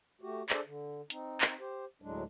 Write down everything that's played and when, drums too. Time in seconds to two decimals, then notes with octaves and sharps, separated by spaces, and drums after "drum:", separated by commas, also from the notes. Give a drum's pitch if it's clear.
0.21 A3 F#4 G4
0.50 D4 G#4 A4 C5 D5, drum: clap
0.66 D3
1.10 C4 D#4, drum: hi-hat
1.41 drum: clap
1.59 G4 C5
2.02 D2 A2 F#3 G#3 D4